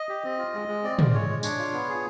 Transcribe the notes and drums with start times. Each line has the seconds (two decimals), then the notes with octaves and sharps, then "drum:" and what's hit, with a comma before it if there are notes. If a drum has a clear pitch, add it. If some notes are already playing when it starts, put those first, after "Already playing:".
Already playing: D#5
0.09 G4
0.24 C4
0.38 F4
0.54 G#3
0.68 G#3
0.83 C4 D5
0.99 F4, drum: tom
1.14 G#3 C#5
1.29 G#3
1.43 D4 C#5, drum: tambourine
1.59 F4
1.73 B3
1.89 G#4